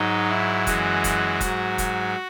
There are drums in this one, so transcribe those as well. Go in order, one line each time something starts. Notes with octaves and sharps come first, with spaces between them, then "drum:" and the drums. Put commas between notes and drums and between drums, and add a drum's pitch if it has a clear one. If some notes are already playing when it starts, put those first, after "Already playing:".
Already playing: G#2 F#3 D#4
E4
F#2 E3 G#3 F#4, drum: kick F1, hi-hat
drum: kick F1, hi-hat
G#2 F#3, drum: kick F1, hi-hat
drum: kick F1, hi-hat